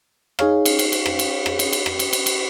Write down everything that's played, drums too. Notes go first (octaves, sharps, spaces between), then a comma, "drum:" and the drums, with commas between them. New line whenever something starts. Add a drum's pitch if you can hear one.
D#4 G#4 C#5 F5, drum: rim click
drum: cymbal
drum: cymbal
drum: cymbal
drum: rim click
drum: cymbal
drum: rim click
drum: cymbal
drum: cymbal
drum: rim click
drum: cymbal
drum: cymbal
drum: cymbal